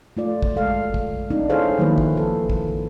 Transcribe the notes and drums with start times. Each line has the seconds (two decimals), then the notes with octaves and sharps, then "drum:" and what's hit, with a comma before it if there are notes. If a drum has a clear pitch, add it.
0.17 A3 F4 D5
0.42 drum: kick
0.56 G#3 A4 F5
0.94 drum: kick
1.30 C4 D4 D#4
1.50 E4 G#4 A4 C5 C#5 F5
1.79 D#3 F3 F#3 A#3 E4 B4
1.98 drum: kick
2.17 A4
2.50 drum: kick